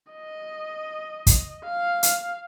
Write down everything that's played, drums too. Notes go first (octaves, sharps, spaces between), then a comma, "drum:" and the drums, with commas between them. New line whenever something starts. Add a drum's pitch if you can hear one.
D#5
drum: kick, hi-hat
F5
drum: hi-hat